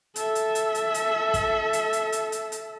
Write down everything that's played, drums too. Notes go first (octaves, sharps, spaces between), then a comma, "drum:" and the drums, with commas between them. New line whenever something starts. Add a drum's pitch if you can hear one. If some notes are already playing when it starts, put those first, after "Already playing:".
A4 E5, drum: hi-hat
drum: hi-hat
drum: hi-hat
drum: hi-hat
drum: hi-hat
drum: kick, hi-hat
drum: hi-hat
drum: hi-hat
drum: hi-hat
drum: hi-hat
drum: hi-hat